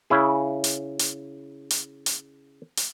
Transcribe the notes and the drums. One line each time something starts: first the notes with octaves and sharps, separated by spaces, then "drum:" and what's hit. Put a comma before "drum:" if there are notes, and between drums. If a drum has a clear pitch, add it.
C#3 E4 G#4
drum: hi-hat
drum: hi-hat
drum: hi-hat
drum: hi-hat
drum: hi-hat